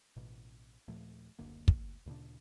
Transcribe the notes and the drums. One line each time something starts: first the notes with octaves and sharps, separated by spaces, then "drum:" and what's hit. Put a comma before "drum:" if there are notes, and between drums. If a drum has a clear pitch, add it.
A1 B2
D#2 A#2 F3 A3
F#1 D2 D3 A#3
drum: kick
D2 A#2 C#3 D4